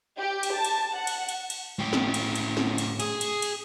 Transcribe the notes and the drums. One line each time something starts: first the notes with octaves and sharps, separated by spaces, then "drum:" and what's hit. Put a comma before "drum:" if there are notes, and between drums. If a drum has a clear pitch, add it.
G4
drum: cymbal
A5
drum: cymbal
F#5
drum: cymbal
drum: cymbal
drum: cymbal
A2 G4
drum: snare
drum: cymbal
drum: cymbal
drum: snare
drum: cymbal
G#4, drum: cymbal
drum: cymbal
drum: cymbal